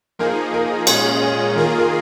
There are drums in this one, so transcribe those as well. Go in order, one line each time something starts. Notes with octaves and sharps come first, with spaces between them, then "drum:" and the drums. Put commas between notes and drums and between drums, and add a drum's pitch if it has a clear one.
F3 A#3 D#4 G#4 A#4
A#4
A#2 G#3 C#4 G#4 C#5, drum: cymbal
C#5
D#3 A#3 F4 G#4 A#4
A#4